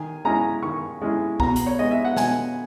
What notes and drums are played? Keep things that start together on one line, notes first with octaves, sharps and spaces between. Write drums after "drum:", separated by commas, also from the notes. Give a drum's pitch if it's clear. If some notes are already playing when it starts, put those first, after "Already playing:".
Already playing: D#3 G#5
G#3 C#4 E4 A#5
D#3 C#6
G#3 C#4 E4
B2 A#5, drum: kick B1
drum: hi-hat
C#5
G#3 B3 D#5
E5
F#5
B2 G#5, drum: snare